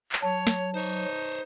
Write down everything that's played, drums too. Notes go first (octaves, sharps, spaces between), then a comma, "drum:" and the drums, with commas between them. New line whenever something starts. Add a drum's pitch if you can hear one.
drum: clap
F#3 C#5 A5
drum: snare
D#4 C5 C#5